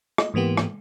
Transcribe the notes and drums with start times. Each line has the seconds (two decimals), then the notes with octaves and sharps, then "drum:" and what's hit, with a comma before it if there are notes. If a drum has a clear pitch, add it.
0.18 D#5, drum: rim click
0.34 G#2 E3 A#3 B3 G4
0.57 drum: rim click